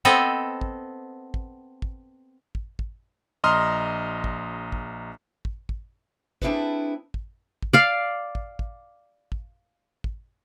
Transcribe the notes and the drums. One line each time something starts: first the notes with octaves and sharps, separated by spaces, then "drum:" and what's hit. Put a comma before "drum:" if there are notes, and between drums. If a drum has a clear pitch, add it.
B3 C4 A4 D#5
drum: kick
drum: kick
drum: kick
drum: kick
drum: kick
A#1 D#5 A#5 C6 D#6 F6
drum: kick
drum: kick
drum: kick
drum: kick
C4 D4 E4 G#4 A4 B4, drum: kick
drum: kick
drum: kick
D5 F5
drum: kick
drum: kick
drum: kick
drum: kick